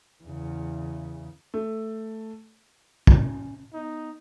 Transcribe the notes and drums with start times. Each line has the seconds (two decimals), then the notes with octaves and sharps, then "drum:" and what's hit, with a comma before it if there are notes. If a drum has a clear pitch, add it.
0.24 E2 C#3
1.54 A3
3.07 C#4, drum: kick
3.74 B3 D#4